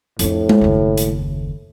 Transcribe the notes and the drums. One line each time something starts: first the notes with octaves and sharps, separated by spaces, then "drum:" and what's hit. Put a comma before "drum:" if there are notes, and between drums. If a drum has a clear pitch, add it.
F2 A2 D4, drum: hi-hat
drum: tom G#3
F#1 D#2
drum: hi-hat